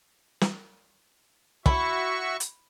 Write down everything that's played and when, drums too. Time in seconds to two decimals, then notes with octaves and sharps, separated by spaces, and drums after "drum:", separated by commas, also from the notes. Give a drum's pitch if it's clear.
0.41 drum: snare
1.66 E4 F#4 E5 C#6, drum: kick
2.40 drum: hi-hat